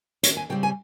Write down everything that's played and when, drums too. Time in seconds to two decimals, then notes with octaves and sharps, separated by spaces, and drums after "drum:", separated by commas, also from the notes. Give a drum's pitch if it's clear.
0.23 D#2 C#5, drum: hi-hat
0.37 G#5
0.50 C#3 G3 C4 G5
0.63 G#5